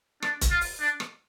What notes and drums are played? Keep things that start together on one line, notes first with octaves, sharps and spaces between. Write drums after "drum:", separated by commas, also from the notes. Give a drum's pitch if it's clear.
D4, drum: rim click
drum: kick, hi-hat
F4
drum: open hi-hat
D4
drum: rim click